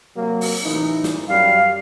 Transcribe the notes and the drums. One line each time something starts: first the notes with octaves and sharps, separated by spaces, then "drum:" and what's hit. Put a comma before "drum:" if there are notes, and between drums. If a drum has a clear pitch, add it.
C3 F#3 A#3
drum: open hi-hat
A1 E3 D#4
drum: snare
F#2 G3 F5